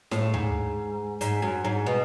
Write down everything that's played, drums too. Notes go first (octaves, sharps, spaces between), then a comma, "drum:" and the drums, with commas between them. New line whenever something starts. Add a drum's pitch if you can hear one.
A2, drum: snare E4
G#2, drum: tom D2
G#2, drum: hi-hat
F#2
G#2
B2